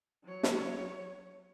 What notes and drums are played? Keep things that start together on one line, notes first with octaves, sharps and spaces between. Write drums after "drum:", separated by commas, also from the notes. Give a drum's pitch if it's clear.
F#3 C#5
drum: snare